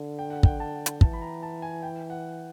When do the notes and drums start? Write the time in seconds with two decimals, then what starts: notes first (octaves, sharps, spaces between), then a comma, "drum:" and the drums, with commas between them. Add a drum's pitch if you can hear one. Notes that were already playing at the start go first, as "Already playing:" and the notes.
Already playing: D3
0.19 G5
0.30 F#5
0.43 G5, drum: kick
0.60 A5
0.86 drum: hi-hat
1.01 E3 A5, drum: kick
1.13 B5
1.22 A#5
1.43 A5
1.62 G#5
1.83 G5
2.10 F#5